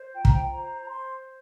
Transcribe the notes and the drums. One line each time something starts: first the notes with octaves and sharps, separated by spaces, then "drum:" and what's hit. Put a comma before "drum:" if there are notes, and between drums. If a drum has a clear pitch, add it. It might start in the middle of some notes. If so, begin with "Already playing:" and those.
Already playing: C5
F4 G5
A#5, drum: kick
G5
C5 A#5
A#5
C5 C6